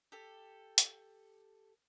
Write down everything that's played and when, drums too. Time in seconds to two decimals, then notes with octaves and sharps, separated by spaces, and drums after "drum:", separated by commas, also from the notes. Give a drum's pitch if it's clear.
0.12 G4 A4
0.78 drum: hi-hat